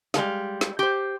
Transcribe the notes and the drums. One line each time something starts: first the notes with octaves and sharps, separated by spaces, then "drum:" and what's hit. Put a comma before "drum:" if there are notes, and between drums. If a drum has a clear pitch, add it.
G3 G#3 A4 F5, drum: snare
drum: snare
G4 C5